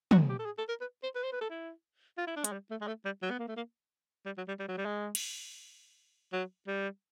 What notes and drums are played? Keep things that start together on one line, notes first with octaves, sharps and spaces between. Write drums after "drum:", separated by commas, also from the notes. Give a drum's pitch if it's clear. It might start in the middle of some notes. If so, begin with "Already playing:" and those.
F#4, drum: tom
G4
A4
G#4
A4
A#4
B4
C5
B4
C5
B4
A4
E4
F4
E4
D4
G#3, drum: hi-hat
G3
A3
G#3
A3
G3
F#3
B3
A#3
A3
A#3
G3
F#3
G3
G3
F#3
G3
G#3
drum: cymbal
F#3
G3